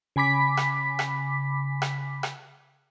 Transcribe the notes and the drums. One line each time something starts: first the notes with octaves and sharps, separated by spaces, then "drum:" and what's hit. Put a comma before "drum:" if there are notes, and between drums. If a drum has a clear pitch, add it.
C#3 G#5 B5 D6 B6
drum: rim click
drum: rim click
drum: rim click
drum: rim click